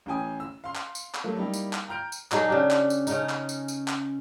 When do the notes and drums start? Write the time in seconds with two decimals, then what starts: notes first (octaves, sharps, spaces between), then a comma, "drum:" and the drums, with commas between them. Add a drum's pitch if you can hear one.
0.06 A1 E3 G5 G#5 D#6
0.40 E6
0.64 F5 C6
0.75 drum: clap
0.95 drum: tambourine
1.15 drum: clap
1.24 F#3 A3 A#3
1.36 G3 A#3 D#4 E4 G4
1.54 drum: tambourine
1.73 drum: clap
1.88 G5 A#5 F6 G6 D7
2.12 drum: tambourine
2.32 F#3 D#4 G#4 A4, drum: clap
2.48 C#3 D4 G4
2.71 drum: clap
2.90 drum: tambourine
3.07 C#3 C#4 D#4, drum: tambourine
3.29 drum: clap
3.49 drum: tambourine
3.68 drum: tambourine
3.88 drum: clap